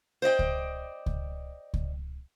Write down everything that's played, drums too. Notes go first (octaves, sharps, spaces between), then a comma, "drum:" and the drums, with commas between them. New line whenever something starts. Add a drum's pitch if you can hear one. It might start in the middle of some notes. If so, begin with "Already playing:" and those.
C5 D5 D#5 G5
drum: kick C#2
drum: kick C#2
drum: kick C#2